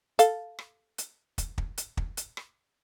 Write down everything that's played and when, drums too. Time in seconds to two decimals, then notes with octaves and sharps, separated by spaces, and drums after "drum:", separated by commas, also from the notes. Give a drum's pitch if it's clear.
0.19 A4 F5, drum: hi-hat
0.59 drum: rim click
0.98 drum: hi-hat
1.38 drum: kick, hi-hat
1.58 drum: kick
1.78 drum: hi-hat
1.97 drum: kick
2.17 drum: hi-hat
2.37 drum: rim click